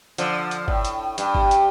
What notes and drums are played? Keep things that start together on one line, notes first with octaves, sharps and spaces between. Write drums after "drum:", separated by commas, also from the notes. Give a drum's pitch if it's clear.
D3 F3, drum: hi-hat
drum: hi-hat
A2, drum: kick G1
drum: hi-hat
G2, drum: hi-hat
drum: kick G1
drum: hi-hat